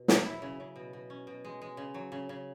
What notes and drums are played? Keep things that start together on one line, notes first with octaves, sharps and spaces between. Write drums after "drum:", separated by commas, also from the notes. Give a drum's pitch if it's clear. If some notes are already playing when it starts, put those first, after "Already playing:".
Already playing: B2
F#3, drum: snare
E4
C#3
C#3
B2
B2
C#4
B2
G#3
G#3
C#3
F#3
C#3
C#3